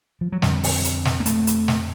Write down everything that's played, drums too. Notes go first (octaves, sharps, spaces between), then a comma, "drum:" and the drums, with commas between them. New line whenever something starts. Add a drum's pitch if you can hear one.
F3
F#3
F2 D3 G3, drum: snare
drum: open hi-hat
drum: hi-hat
drum: snare
A#3
A3, drum: hi-hat
drum: hi-hat
drum: snare